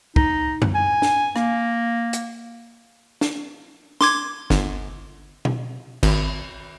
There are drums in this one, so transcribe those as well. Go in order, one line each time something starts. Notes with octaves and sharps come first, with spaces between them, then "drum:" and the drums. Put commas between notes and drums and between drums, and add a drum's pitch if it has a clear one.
D#4, drum: kick
drum: tom F#2
G#5
drum: snare
A#3, drum: rim click
drum: hi-hat
drum: snare
C6 D6 G#6, drum: snare
G1, drum: snare
drum: tom B2
G#1, drum: cymbal